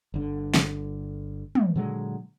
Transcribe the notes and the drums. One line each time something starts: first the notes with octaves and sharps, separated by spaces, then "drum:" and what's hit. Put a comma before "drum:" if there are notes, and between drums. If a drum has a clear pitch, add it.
G1 D3
drum: snare
drum: tom
A#2 D3 F#3 G#3